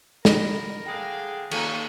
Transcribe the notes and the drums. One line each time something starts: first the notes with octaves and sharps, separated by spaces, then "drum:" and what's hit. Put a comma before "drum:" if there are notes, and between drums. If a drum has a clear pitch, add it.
A#4 B5, drum: snare
D3 G#4 F5 G5
D#3 A#3 A4 C#5 F5 A#5, drum: cymbal